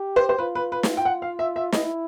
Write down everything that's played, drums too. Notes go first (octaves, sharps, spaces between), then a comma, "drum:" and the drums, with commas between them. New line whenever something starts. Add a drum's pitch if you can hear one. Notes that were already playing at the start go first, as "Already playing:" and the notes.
Already playing: G4
C5
C5
F4 B4
B4
B4
drum: snare
G5
F#5
F5
E5
E5
E4 D#5, drum: snare